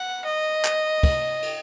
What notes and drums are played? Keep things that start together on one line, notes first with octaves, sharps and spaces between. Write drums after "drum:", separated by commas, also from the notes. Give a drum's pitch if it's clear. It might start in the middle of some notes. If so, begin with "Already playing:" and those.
Already playing: F#5
D#5
drum: clap
drum: kick, cymbal
drum: cymbal